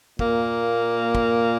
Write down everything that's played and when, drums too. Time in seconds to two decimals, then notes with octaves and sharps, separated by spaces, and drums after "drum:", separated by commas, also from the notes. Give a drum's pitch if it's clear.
0.19 A#2 A#3, drum: kick
1.15 drum: kick